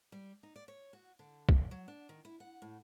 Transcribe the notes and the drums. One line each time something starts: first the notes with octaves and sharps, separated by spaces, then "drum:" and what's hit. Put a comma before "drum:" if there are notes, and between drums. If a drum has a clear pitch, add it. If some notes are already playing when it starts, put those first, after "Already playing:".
G3
D#4
D5
C#5
F#4
D3
drum: kick
F#3
D4
D#3
E4
F#5
A2